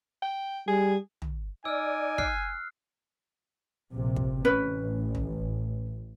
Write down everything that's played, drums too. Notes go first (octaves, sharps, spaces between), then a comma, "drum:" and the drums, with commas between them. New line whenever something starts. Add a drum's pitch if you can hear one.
G5
G3 G#4
drum: tom
D#4 D5 G#5 E6 F6
F6 F#6 C7, drum: kick
A#1 C3
drum: kick
A1 C#4 B4
drum: tom